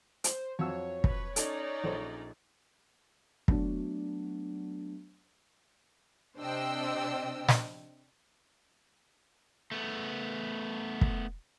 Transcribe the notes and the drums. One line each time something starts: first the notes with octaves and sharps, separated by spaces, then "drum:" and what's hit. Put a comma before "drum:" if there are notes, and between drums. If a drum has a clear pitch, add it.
C5, drum: hi-hat
F2 F#3 C#5 E6
B4, drum: kick
C#4 D#4 A4 D5, drum: hi-hat
A#1 A4 C5
F#3 A3 B3 D4 F#4, drum: kick
C3 D4 C5 D#5 G5 E6
drum: snare
A3 B3
drum: kick